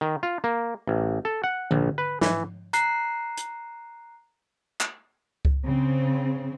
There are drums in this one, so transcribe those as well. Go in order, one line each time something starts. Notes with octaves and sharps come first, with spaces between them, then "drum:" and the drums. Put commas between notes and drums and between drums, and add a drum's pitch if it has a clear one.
D#3
F4
A#3
A1
A4
F#5
A#1, drum: tom D3
B4
E3, drum: snare
A#5 F#6 C7, drum: hi-hat
drum: hi-hat
drum: clap
drum: kick C#2
C#3 C4